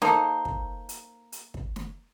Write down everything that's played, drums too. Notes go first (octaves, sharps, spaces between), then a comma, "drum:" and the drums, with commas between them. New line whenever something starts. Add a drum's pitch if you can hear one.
A#3 D#4 A4 C5, drum: snare
drum: kick
drum: hi-hat
drum: hi-hat
drum: kick
drum: snare